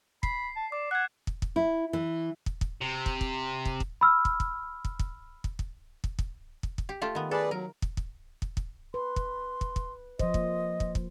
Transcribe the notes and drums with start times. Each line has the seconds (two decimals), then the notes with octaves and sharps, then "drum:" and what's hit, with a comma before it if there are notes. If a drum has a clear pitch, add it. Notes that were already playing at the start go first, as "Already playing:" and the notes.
0.23 B5 C7, drum: kick
0.56 A5
0.72 D5 D6
0.91 F#5 F#6 G#6
1.27 drum: kick
1.42 drum: kick
1.56 E4
1.93 E3
2.46 drum: kick
2.61 drum: kick
2.81 C3
3.06 drum: kick
3.21 drum: kick
3.65 drum: kick
3.80 drum: kick
4.01 B5 E6 F6
4.25 drum: kick
4.40 drum: kick
4.85 drum: kick
4.99 drum: kick
5.44 drum: kick
5.59 drum: kick
6.04 drum: kick
6.19 drum: kick
6.63 drum: kick
6.78 drum: kick
6.89 G4
7.02 A3 F4 G4
7.15 D#3 B3
7.31 G#4 A4 B4 D5
7.51 F#3 A#4
7.82 drum: kick
7.97 drum: kick
8.42 drum: kick
8.57 drum: kick
8.94 B4 C6
9.16 drum: kick
9.61 drum: kick
9.76 drum: kick
10.19 F3 C5 D#5, drum: kick
10.34 A#3, drum: kick
10.80 drum: kick
10.95 drum: kick